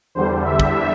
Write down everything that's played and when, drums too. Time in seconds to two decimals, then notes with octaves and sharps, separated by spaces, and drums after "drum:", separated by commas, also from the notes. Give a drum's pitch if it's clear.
0.15 E2 D3 G3 C5
0.45 E5
0.60 drum: kick